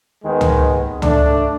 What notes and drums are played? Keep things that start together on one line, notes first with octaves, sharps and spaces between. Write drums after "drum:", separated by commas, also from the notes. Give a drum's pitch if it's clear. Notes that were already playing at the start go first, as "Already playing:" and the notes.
D#2 D#3 G#3 B3
drum: tom C#2
A3 D4, drum: tom C#2